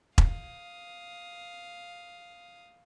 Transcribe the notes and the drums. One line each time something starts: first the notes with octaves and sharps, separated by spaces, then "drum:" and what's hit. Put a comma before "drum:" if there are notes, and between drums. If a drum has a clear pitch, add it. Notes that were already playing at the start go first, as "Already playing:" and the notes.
F5 D#6, drum: kick E1